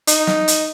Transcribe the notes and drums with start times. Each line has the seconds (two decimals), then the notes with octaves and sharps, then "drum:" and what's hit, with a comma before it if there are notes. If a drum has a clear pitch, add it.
0.07 D#4, drum: hi-hat
0.27 drum: snare
0.48 drum: hi-hat